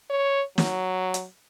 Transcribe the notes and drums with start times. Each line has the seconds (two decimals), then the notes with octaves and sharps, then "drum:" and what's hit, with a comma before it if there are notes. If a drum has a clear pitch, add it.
0.10 C#5
0.58 F#3, drum: snare
1.14 drum: hi-hat